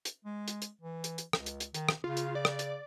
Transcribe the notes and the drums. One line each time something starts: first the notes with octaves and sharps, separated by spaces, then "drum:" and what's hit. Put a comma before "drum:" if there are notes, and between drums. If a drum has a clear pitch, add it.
drum: hi-hat
G#3
drum: hi-hat
drum: hi-hat
E3
drum: hi-hat
drum: hi-hat
C#2, drum: rim click
drum: hi-hat
drum: hi-hat
D#3, drum: hi-hat
drum: rim click
C#3 F4
drum: hi-hat
D5
drum: rim click
drum: hi-hat